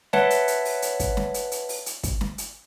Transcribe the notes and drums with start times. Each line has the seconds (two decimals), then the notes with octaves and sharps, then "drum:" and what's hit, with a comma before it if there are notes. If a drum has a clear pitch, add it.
0.13 B4 C#5 E5 F#5 A5, drum: snare
0.30 drum: hi-hat
0.48 drum: hi-hat
0.65 drum: open hi-hat
0.82 drum: hi-hat
1.00 drum: kick, hi-hat
1.17 drum: snare
1.34 drum: hi-hat
1.52 drum: hi-hat
1.69 drum: open hi-hat
1.86 drum: hi-hat
2.03 drum: kick, hi-hat
2.21 drum: snare
2.38 drum: hi-hat